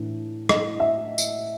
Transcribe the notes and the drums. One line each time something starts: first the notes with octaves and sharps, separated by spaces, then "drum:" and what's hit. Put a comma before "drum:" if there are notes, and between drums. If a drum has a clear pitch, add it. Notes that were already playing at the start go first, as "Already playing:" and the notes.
Already playing: A2 E3 D4
D#5, drum: rim click
E5
drum: tambourine